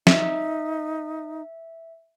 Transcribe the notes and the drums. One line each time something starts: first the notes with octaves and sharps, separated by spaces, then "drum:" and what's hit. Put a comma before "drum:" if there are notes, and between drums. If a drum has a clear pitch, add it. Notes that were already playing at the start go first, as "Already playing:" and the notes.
D#4 E5, drum: snare